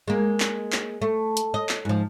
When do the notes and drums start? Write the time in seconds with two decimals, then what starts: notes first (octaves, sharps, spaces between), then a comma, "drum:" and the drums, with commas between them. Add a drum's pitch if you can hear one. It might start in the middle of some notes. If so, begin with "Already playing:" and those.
0.08 G#3 A#3
0.40 drum: clap
0.72 drum: clap
1.02 A3
1.37 drum: hi-hat
1.54 D#5
1.69 drum: clap
1.85 G#2 F3